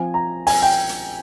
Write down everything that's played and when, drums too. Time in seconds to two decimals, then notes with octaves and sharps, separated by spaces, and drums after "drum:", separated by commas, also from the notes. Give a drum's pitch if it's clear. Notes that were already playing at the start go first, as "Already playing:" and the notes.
Already playing: F3 C4 G#5
0.14 A#5
0.47 G#5, drum: open hi-hat
0.62 G5
0.89 drum: hi-hat